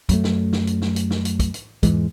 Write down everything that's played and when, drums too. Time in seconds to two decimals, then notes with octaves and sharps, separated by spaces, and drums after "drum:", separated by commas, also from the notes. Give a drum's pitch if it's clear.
0.09 F#2 F#3 A3, drum: kick, hi-hat
0.24 drum: snare
0.53 drum: snare
0.67 drum: hi-hat
0.82 drum: snare
0.96 drum: hi-hat
1.11 drum: snare
1.25 drum: hi-hat
1.40 drum: kick, hi-hat
1.54 drum: hi-hat
1.83 E2 G#2 E3 G#3, drum: kick, hi-hat